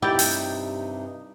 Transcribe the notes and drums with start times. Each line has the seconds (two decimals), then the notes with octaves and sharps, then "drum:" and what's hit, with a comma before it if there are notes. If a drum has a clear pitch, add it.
0.02 G2 C3 D#4 E4 G4 D5
0.19 drum: open hi-hat